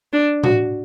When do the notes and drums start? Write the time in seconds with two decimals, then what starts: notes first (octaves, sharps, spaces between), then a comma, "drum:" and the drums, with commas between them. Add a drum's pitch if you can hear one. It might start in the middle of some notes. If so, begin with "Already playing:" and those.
0.13 D4
0.44 F#4, drum: tom A2